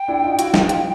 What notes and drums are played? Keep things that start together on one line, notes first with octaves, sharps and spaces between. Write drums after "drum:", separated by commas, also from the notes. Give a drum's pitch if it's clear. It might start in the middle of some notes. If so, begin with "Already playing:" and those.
Already playing: G5
D4 E4
D#4 F4
E4 F#4, drum: hi-hat
D#4 F4, drum: snare
D#4 F4, drum: hi-hat